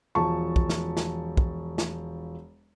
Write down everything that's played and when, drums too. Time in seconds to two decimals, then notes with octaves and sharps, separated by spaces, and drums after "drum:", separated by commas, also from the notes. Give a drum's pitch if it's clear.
0.15 E1 F3 A5 C#6
0.56 drum: kick
0.70 drum: snare
0.97 drum: snare
1.37 drum: kick
1.78 drum: snare